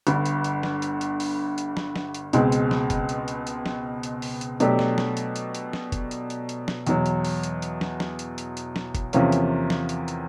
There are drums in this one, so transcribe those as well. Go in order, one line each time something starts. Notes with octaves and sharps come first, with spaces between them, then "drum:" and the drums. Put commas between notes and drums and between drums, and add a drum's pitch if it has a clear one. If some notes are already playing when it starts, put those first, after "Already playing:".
G1 G2 D3, drum: hi-hat
drum: hi-hat
drum: hi-hat
drum: snare
drum: hi-hat
drum: hi-hat
drum: open hi-hat
drum: hi-hat
drum: snare
drum: snare
drum: hi-hat
C#2 B2 G#3 C4, drum: hi-hat
drum: hi-hat
drum: snare
drum: kick, hi-hat
drum: hi-hat
drum: hi-hat
drum: hi-hat
drum: snare
drum: hi-hat
drum: open hi-hat
drum: hi-hat
B2 F#3 A3 D4 G4, drum: hi-hat
drum: snare
drum: snare
drum: hi-hat
drum: hi-hat
drum: hi-hat
drum: snare
drum: kick, hi-hat
drum: hi-hat
drum: hi-hat
drum: hi-hat
drum: snare
E2 B2 F#3, drum: hi-hat
drum: hi-hat
drum: open hi-hat
drum: hi-hat
drum: hi-hat
drum: snare
drum: snare
drum: hi-hat
drum: hi-hat
drum: hi-hat
drum: snare
drum: kick, hi-hat
E2 C3 F3 A#3 C#4, drum: hi-hat
drum: hi-hat
drum: snare
drum: hi-hat
drum: hi-hat